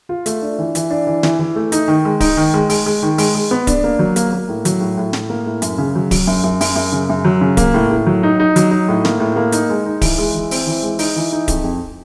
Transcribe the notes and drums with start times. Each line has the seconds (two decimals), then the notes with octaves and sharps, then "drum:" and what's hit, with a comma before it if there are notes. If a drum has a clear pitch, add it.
0.09 F4
0.26 A3, drum: hi-hat
0.42 D4
0.58 E3
0.75 E3, drum: hi-hat
0.90 D4
1.07 E3
1.23 E3, drum: snare
1.39 E3
1.56 A3
1.72 D#4, drum: hi-hat
1.88 D#3
2.05 G#3
2.20 D#4, drum: kick D1, open hi-hat
2.37 D#3
2.54 G#3
2.70 G#3, drum: open hi-hat
2.86 G#3
3.03 D#3
3.18 G#3, drum: open hi-hat
3.35 G#3
3.51 B3
3.67 D4, drum: kick D1, hi-hat
3.84 A#3
3.99 F#3
4.16 A#3, drum: hi-hat
4.32 A#3
4.49 A2
4.65 F#3, drum: hi-hat
4.80 A2
4.98 A2
5.13 A2, drum: snare
5.30 A#3
5.46 A2
5.62 F#2, drum: hi-hat
5.78 C#3
5.95 F#3
6.11 F#3, drum: kick D1, open hi-hat
6.27 F#2
6.44 F#2
6.61 F#2, drum: open hi-hat
6.76 F#2
6.92 C#3
7.09 F#2
7.25 F#3
7.41 C#3
7.57 A#3, drum: kick D1, hi-hat
7.74 A2
7.91 A2
8.07 F#3
8.23 D#4
8.40 D#4
8.56 F#3, drum: hi-hat
8.71 D#4
8.88 A2
9.05 A#3, drum: snare
9.20 A2
9.36 A#3
9.52 D#4, drum: hi-hat
9.69 G#3
9.86 D#4
10.01 E3, drum: kick D1, open hi-hat
10.18 G#3
10.34 E3
10.51 C4, drum: open hi-hat
10.67 E3
10.82 G#3
10.99 D#4, drum: open hi-hat
11.16 E3
11.32 D#4
11.48 F2, drum: kick D1, hi-hat
11.64 F2